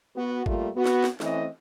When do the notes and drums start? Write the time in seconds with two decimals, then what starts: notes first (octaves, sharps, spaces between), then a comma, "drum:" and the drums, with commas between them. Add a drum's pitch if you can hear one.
0.16 B3 F#4
0.46 G3 A3 A#3 F4, drum: kick G#1
0.76 B3 F#4
0.85 drum: snare
1.04 drum: snare
1.20 E3 A3 C4 C#4 D#5, drum: snare